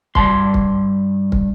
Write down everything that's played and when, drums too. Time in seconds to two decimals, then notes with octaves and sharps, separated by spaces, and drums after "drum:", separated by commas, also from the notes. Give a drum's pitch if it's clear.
0.15 G2 A5 C6, drum: kick
0.54 drum: kick
1.32 drum: kick